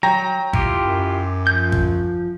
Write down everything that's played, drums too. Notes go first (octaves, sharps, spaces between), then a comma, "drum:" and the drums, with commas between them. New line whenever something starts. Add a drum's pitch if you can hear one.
F#3 G5 A#5 A#6
E4 F4 G4, drum: kick
F#2
F3 G6
drum: kick